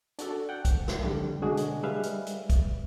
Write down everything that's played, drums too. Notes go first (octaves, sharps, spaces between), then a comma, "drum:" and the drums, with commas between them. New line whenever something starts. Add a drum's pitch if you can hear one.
D4 F#4 A4, drum: hi-hat
F#5 G5
drum: kick, hi-hat
drum: snare
F2 D3 G3
B2 D3 G#3 D4 F#4 G#4
drum: hi-hat
G3 G#3 B4 E5 F5
drum: hi-hat
drum: hi-hat
drum: kick, hi-hat